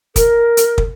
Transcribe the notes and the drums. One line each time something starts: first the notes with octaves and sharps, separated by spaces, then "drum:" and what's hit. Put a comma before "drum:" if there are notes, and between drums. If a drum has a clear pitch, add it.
A#4, drum: kick, hi-hat
drum: hi-hat
drum: kick